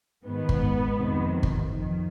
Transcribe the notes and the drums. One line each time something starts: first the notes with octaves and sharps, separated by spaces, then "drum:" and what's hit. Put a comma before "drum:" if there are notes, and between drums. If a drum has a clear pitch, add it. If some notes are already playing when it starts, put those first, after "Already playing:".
G#2 D#3 B3
drum: kick G1
F2 C3 D#3
drum: kick G1
F2 D#3